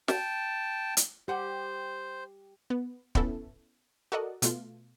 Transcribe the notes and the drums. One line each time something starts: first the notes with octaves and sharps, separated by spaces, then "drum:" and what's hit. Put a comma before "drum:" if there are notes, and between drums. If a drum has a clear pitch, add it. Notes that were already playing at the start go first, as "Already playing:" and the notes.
G5 A5, drum: snare
drum: hi-hat
G3 G4 C5 F#5 G5
B3
B3 C#4 E4 A4, drum: kick
F#4 A4 A#4 D5 D#5 F#5
B2 A3 F4, drum: hi-hat